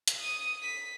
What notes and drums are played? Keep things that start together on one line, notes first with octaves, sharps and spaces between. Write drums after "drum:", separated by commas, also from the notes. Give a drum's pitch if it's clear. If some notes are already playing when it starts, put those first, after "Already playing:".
drum: hi-hat
D#6 D#7
B6